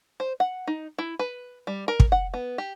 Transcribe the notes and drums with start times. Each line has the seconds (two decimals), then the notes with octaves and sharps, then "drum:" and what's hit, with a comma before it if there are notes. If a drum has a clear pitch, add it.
0.20 C5
0.40 F#5
0.67 D#4
0.98 E4
1.19 B4
1.67 G3
1.88 A#4
2.00 drum: kick
2.12 F#5
2.34 B3
2.58 G4